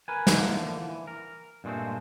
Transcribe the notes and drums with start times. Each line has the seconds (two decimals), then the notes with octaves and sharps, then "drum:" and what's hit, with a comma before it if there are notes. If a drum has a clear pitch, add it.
0.08 A#4 B4 G#5
0.27 drum: snare
0.39 D3 E3 F3 A#3
0.89 E3
1.07 A#4
1.64 G2 A#2 G#3 A3 C4